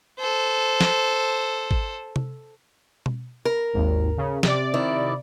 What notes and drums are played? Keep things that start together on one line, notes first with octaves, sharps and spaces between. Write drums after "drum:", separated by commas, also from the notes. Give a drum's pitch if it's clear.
A4 C5
drum: snare
drum: kick
drum: tom C3
drum: tom B2
A#4
G#1 D#2
C#3
C3 D5, drum: snare
D#3 E4